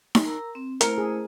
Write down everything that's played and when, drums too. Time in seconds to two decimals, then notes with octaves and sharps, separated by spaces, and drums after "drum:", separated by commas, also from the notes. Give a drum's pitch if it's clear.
0.15 drum: snare D#4
0.25 A#4 A#5 E6
0.55 C4
0.81 A3 E4 A#4 C5, drum: hi-hat
0.98 G#4